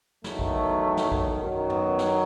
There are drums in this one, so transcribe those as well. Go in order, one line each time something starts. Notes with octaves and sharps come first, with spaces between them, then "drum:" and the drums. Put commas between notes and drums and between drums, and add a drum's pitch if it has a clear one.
E2 D#3 F#3 A3, drum: snare
drum: kick A1
drum: snare
drum: kick A1
F#2 D#3 F#3
B3, drum: tom
drum: snare